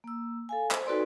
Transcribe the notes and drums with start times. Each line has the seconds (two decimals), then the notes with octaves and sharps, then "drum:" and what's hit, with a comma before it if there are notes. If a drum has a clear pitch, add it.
0.04 A#3 E6
0.49 A4 F5 G#5
0.71 C5, drum: clap
0.86 D#4 F#4 A4 B4 D5 C6